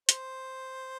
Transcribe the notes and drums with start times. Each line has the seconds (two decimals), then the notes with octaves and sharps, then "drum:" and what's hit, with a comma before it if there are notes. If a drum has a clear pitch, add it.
0.09 C5, drum: hi-hat